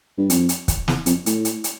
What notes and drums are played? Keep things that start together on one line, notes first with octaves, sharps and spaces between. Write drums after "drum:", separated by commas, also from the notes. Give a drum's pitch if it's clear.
G2
F2, drum: hi-hat
drum: hi-hat
drum: kick, hi-hat
E2, drum: snare
F2, drum: hi-hat
A2, drum: hi-hat
drum: hi-hat
drum: hi-hat